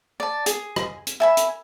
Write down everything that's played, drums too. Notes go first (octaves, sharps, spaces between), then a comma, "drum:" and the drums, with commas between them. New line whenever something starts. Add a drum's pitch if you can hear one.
D5 A5
G#4, drum: hi-hat
drum: rim click
drum: hi-hat
E5 G#5 B5
drum: hi-hat